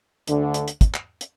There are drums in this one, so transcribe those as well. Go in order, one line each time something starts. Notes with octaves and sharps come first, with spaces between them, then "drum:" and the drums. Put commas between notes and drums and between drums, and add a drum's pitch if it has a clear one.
D2 D3, drum: hi-hat
drum: hi-hat
drum: hi-hat
drum: kick, hi-hat
drum: clap
drum: hi-hat